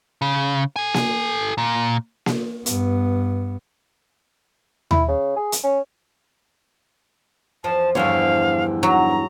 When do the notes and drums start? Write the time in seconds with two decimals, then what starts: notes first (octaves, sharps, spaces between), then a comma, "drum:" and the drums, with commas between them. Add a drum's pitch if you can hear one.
0.22 C#3
0.76 A4 G#5
0.94 drum: snare A#3
1.58 A#2
2.26 drum: snare A#3
2.66 G2 B3, drum: hi-hat
4.91 E4, drum: tom D#2
5.08 C#3
5.36 G#4
5.52 drum: hi-hat
5.64 C#4
7.64 E2 F3 A5
7.95 E2 G2 D3 F3 C#5 F5
8.83 F#3 A#5